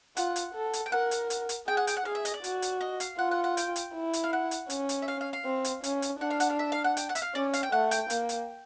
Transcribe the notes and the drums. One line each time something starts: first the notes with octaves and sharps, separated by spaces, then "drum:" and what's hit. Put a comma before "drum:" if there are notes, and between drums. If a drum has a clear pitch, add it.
F4 F#5, drum: hi-hat
drum: hi-hat
A4
drum: hi-hat
G5
A#4 F#5
drum: hi-hat
drum: hi-hat
drum: hi-hat
G#4 G5
F#5
G5, drum: hi-hat
F#5
G#4 F5
E5
D#5, drum: hi-hat
D5
F#4, drum: hi-hat
drum: hi-hat
D#5
F5, drum: hi-hat
F4 F#5
F#5
F#5
G5, drum: hi-hat
drum: hi-hat
E4
drum: hi-hat
F5
F#5
drum: hi-hat
C#4, drum: hi-hat
drum: hi-hat
E5
F5
F5
F5
C4
drum: hi-hat
C#4, drum: hi-hat
drum: hi-hat
D4 F#5
F5
F#5, drum: hi-hat
F5
E5
F5
F#5
G5, drum: hi-hat
F#5
E5, drum: hi-hat
F5
C#4 D5
F5, drum: hi-hat
G5
A3 F#5
G5, drum: hi-hat
A#3, drum: hi-hat
drum: hi-hat